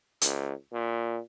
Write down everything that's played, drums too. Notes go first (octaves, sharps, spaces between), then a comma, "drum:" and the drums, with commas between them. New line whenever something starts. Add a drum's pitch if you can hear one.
C#2, drum: hi-hat
A#2